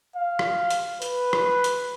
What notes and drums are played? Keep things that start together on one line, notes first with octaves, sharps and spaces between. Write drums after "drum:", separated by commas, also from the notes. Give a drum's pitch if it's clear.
F5
drum: rim click
drum: hi-hat
B4, drum: hi-hat
drum: rim click
drum: hi-hat